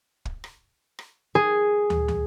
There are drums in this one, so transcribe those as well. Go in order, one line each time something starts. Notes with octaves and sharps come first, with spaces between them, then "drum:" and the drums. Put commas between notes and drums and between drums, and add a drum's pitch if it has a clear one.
drum: kick
drum: rim click
drum: rim click
G#4
drum: tom
drum: tom